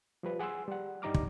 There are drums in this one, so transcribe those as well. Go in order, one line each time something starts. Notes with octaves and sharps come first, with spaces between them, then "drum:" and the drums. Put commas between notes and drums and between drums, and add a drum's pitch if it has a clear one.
F3 G3 B4
G#4 F#5 G#5 C6 E6
G3 F#5
G2 G3 D#4 A#5 D6 F6
drum: kick